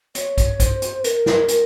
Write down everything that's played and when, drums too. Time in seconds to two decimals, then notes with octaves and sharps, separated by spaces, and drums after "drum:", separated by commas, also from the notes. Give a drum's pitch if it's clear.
0.15 C#5, drum: hi-hat
0.38 drum: kick, hi-hat
0.60 C5, drum: kick, hi-hat
0.82 drum: hi-hat
1.04 A#4, drum: hi-hat
1.26 drum: snare
1.48 drum: hi-hat